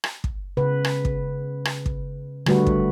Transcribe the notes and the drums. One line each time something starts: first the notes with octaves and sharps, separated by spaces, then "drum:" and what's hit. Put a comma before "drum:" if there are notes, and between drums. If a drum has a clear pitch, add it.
drum: rim click
drum: kick
C#3 B4
drum: rim click
drum: kick
drum: rim click
drum: kick
D3 G3 A3 F#4 B4, drum: rim click
drum: kick